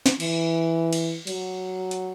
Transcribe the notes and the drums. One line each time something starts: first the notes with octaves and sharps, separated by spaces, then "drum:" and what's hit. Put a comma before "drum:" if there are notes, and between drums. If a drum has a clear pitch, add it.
drum: snare
E3, drum: cymbal
drum: cymbal
F#3, drum: cymbal
drum: hi-hat